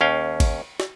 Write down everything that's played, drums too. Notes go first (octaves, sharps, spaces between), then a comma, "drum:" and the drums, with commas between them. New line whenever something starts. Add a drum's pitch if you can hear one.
D#2 C#4 F5 G5
drum: kick, cymbal
drum: snare